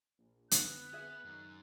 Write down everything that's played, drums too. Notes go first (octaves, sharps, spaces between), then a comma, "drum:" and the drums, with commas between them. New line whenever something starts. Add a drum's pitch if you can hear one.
A#1
F2 D3 B3 F#6, drum: hi-hat
G#4 E5
C#2 F#2 D#3 D#4